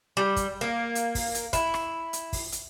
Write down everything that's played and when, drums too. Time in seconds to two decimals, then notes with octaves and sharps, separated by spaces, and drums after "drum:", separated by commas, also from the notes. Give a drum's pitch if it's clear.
0.17 G3
0.36 drum: kick, hi-hat
0.61 A#3
0.95 drum: hi-hat
1.15 drum: kick, open hi-hat
1.35 drum: hi-hat
1.53 E4, drum: kick, hi-hat
1.74 drum: rim click
2.13 drum: hi-hat
2.33 drum: kick, open hi-hat
2.52 drum: hi-hat